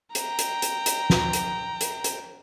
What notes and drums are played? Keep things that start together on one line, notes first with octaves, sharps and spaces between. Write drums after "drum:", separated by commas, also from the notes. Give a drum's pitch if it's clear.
G5 A#5, drum: hi-hat
drum: hi-hat
drum: hi-hat
drum: hi-hat
drum: snare
drum: hi-hat
drum: hi-hat
drum: hi-hat